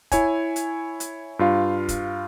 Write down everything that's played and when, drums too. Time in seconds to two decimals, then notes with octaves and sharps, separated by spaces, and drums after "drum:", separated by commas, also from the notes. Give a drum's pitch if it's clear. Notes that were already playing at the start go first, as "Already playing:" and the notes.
0.12 E4 C#5 G#5, drum: kick, hi-hat
0.56 drum: hi-hat
1.00 drum: hi-hat
1.39 G2 F4 F5
1.89 drum: kick, hi-hat